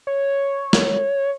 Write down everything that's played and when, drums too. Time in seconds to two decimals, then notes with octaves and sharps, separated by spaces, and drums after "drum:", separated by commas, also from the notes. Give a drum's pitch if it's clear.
0.07 C#5
0.73 drum: snare